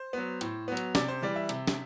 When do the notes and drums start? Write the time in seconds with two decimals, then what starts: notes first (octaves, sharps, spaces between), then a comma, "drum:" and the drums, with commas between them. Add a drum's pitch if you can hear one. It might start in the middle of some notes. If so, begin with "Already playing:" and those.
Already playing: C5
0.13 F#3 B3
0.41 A2, drum: hi-hat
0.68 F#3 B3
0.77 drum: hi-hat
0.95 C3 D5, drum: snare
1.08 C5
1.22 E3 G3 D5
1.36 E5
1.49 C3, drum: hi-hat
1.67 drum: snare